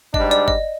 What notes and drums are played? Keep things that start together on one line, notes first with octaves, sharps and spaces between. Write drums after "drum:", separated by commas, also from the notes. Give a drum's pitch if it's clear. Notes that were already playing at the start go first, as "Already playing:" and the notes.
G#2 G3 D4 D#5, drum: kick G1
D5, drum: hi-hat
D#5, drum: kick G1